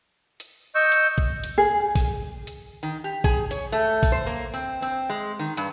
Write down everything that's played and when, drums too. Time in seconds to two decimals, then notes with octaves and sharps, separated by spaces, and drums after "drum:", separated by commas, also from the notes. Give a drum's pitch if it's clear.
0.40 drum: hi-hat
0.75 D#5 C#6 E6 G6
0.92 drum: hi-hat
1.18 drum: kick A1
1.44 drum: hi-hat
1.58 G#4
1.95 drum: kick A1, open hi-hat
2.47 drum: hi-hat
2.83 D#3
3.04 G4
3.24 G#4, drum: kick A1
3.51 C#5, drum: hi-hat
3.72 A3
4.03 drum: kick A1, open hi-hat
4.12 C5
4.26 A#3
4.54 C4
4.82 C4
5.09 G#3
5.39 D#3
5.57 G2, drum: hi-hat